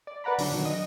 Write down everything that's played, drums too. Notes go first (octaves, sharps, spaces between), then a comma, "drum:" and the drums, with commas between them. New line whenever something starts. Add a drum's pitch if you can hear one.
D5
B4 D5 F#5 A#5 B5
D3 F#3 D4, drum: open hi-hat
B2 D#3 F#3
D#5